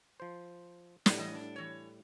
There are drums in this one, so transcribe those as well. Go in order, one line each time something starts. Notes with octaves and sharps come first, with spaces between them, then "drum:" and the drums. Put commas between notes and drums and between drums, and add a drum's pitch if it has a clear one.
F3 C5
A2 G3 B3, drum: snare
E3 D#5
D4
E3 C#5